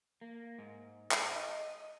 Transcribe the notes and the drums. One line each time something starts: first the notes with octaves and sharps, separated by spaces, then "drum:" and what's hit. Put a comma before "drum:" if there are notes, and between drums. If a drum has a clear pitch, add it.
A#3
G#2
drum: clap
D#5